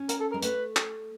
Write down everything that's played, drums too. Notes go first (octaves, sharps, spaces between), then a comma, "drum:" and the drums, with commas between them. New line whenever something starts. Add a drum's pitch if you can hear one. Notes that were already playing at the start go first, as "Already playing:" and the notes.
Already playing: C#4
A#4, drum: hi-hat
A4
A#4
G#3
A3 B4, drum: hi-hat
drum: clap